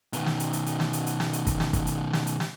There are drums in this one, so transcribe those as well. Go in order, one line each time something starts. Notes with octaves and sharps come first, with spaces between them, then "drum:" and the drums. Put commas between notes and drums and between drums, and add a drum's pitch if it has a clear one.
B2 D#3, drum: hi-hat
drum: snare
drum: hi-hat
drum: hi-hat
drum: hi-hat
drum: snare
drum: hi-hat
drum: hi-hat
drum: snare
drum: hi-hat
drum: kick, hi-hat
drum: snare
drum: kick, hi-hat
drum: hi-hat
drum: snare
drum: hi-hat
drum: snare